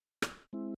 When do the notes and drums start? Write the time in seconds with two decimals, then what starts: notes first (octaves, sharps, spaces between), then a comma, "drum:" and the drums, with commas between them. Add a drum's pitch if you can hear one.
0.22 drum: rim click
0.53 G#3 C4 E4